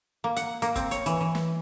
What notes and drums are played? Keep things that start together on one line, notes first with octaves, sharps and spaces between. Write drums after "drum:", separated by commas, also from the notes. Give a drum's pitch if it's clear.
A#3
F#5, drum: hi-hat
A#3, drum: hi-hat
C4, drum: kick, hi-hat
C#5, drum: hi-hat
E3, drum: hi-hat
E3
drum: snare